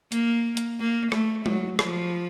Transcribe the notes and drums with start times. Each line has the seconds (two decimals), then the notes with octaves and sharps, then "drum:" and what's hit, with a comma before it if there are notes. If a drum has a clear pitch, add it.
0.12 A#3, drum: hi-hat
0.57 drum: hi-hat
0.79 A#3
1.12 A3, drum: rim click
1.46 F#3, drum: tom G#3
1.79 F3, drum: rim click